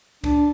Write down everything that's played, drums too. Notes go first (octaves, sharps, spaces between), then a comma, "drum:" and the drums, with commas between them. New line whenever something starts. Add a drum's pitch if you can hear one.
D4, drum: kick C#2, cymbal